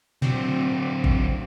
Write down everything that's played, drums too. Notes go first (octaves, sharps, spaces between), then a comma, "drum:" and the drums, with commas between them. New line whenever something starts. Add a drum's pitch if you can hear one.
D3 F#3 C4, drum: tom A#2
drum: kick G#1